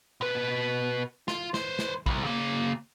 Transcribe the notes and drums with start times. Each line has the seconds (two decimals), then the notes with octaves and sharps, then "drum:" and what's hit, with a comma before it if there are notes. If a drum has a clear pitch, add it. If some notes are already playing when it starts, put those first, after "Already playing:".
0.21 B2 B4
1.28 F4, drum: snare
1.54 B4 C5, drum: snare
1.79 drum: snare
2.06 C2 C#3, drum: kick A#1
2.24 C#3 A#3